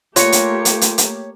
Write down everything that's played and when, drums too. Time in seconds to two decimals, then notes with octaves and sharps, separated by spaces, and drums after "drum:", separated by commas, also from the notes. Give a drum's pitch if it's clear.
0.16 A3 A#3 F4 G4 C#5 C#7, drum: hi-hat
0.32 drum: hi-hat
0.65 drum: hi-hat
0.81 drum: hi-hat
0.98 drum: hi-hat